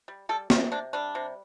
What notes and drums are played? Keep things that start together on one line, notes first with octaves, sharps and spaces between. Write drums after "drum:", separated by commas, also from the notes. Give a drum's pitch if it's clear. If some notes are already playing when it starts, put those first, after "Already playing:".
G3
G3 A4
C3 F4, drum: snare
C3 D4
G3 D4
C3